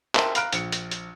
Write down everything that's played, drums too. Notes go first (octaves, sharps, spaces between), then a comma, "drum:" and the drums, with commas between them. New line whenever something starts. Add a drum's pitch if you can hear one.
A#4 C5 E5 G5 A5 C6, drum: clap
F5 A#5 B5 F6 F#6 D7, drum: hi-hat
A#1 C#7, drum: hi-hat
drum: hi-hat
drum: hi-hat